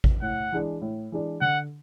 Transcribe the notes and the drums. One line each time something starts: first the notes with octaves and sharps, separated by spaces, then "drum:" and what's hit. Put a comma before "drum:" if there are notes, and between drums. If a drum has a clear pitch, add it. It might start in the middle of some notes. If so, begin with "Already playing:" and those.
drum: kick A1
A2 F#5
E3 G#3 D4
A2
E3 G#3 D4
D3 F#5